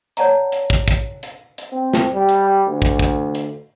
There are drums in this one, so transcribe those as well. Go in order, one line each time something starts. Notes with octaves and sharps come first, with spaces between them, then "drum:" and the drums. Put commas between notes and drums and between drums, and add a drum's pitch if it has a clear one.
C#5 D5 F#5 A5 A#5, drum: hi-hat
drum: hi-hat
drum: kick
drum: kick, hi-hat
drum: hi-hat
drum: hi-hat
C4
drum: snare
G3
drum: hi-hat
D2
drum: kick
drum: kick, hi-hat
drum: hi-hat